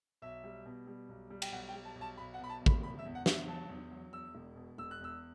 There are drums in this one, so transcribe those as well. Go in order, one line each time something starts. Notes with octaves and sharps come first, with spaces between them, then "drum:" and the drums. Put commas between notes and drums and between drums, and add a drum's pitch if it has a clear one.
B1 E5
G3
B2
G3
B1
G3
G5, drum: cymbal
B1 F#5
G5
G3
A5
B1
A5
B1 B5
F#5
B2 B5
A5
B1
B5, drum: kick
E2 B5
E5
E2
F#5
E2, drum: snare
E5
F#3 A5
E2
F#3
E2 E6
E1
B2
E1 E6
F#6
E2 E6